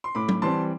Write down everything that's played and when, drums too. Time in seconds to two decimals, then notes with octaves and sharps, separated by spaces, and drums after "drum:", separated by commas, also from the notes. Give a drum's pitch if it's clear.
0.04 C6
0.15 A2 B5 D6
0.29 drum: tom F#3
0.42 E3 G3 C4 A5 C6